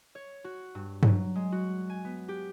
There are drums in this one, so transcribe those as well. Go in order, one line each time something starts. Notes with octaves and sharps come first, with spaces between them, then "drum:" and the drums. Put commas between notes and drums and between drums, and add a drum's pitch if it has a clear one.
C#5
F#4
G2
F#3, drum: tom G2
G#3
F#4
G#5
B3
G4